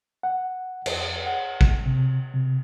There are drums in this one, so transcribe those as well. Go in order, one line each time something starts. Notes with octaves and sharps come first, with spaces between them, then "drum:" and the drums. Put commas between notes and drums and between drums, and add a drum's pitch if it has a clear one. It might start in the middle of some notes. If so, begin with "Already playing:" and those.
F#5
F2, drum: cymbal
F#5
drum: kick
C3
C3